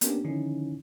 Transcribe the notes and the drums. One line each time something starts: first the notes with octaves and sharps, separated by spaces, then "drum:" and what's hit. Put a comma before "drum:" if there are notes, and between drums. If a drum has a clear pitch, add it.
A#3 B3 C#4 D4 G4 A#4, drum: hi-hat
D3 D#3 F3 C#4 D#4 E4